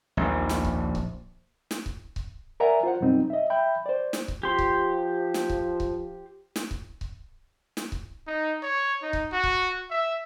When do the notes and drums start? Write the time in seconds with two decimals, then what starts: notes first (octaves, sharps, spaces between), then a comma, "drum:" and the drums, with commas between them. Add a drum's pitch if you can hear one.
0.17 A#1 D#2
0.49 drum: snare
0.65 drum: kick C#1
0.95 drum: kick C#1
1.71 drum: snare
1.86 drum: kick C#1
2.16 drum: kick C#1
2.60 A#4 D5 E5 F#5 G#5 A#5
2.83 F4 C5 F#5
3.01 F#2 B2 G3 C4 D#4
3.30 D#5 E5
3.50 E5 G5 B5 G6
3.86 C5 D5
4.13 drum: snare
4.28 drum: kick C#1
4.43 F3 G4 C6
4.59 drum: kick C#1
5.34 drum: snare
5.49 drum: kick C#1
5.80 drum: kick C#1
6.56 drum: snare
6.71 drum: kick C#1
7.01 drum: kick C#1
7.77 drum: snare
7.92 drum: kick C#1
8.27 D#4
8.63 C#5
9.02 D#4
9.13 drum: kick C#1
9.32 F#4
9.44 drum: kick C#1
9.91 E5